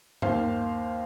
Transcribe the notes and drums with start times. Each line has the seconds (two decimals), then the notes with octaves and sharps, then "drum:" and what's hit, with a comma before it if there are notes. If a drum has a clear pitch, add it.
0.22 D#2 D#3 C5 F5, drum: tom G2